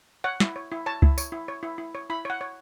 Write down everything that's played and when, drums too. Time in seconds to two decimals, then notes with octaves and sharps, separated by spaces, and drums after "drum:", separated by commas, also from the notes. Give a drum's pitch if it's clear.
0.24 C#5 F#5
0.40 E4, drum: snare
0.56 C#5
0.72 E4
0.86 C#5 A5
1.02 E4, drum: kick C#2
1.18 C#5, drum: tambourine
1.32 E4
1.48 C#5
1.63 E4
1.78 E4
1.95 C#5
2.10 E4 B5
2.25 C#5 F#5
2.41 C#5